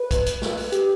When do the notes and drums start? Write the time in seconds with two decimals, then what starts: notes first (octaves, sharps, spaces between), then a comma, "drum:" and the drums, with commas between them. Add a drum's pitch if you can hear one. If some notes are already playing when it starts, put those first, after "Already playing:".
Already playing: B4
0.11 drum: kick, hi-hat
0.26 drum: hi-hat
0.42 drum: snare
0.57 drum: open hi-hat
0.72 G4, drum: hi-hat